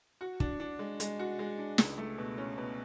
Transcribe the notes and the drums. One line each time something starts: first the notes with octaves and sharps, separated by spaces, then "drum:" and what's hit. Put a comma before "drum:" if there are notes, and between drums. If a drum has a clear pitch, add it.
F#4
D4, drum: kick
D4
G#3
G#3, drum: hi-hat
F#4
G#3
D4
C#2, drum: snare
A3
B2
C#4
B2